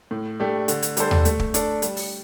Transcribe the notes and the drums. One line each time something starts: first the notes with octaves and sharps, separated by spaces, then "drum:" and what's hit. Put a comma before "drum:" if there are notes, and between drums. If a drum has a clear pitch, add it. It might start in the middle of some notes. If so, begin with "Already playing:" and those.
A2
A3 D4 G4
D3, drum: hi-hat
drum: hi-hat
G3 D4 A4 C5, drum: hi-hat
drum: tom D#2
A3, drum: hi-hat
drum: kick
D4 A4, drum: hi-hat
G3, drum: hi-hat
drum: open hi-hat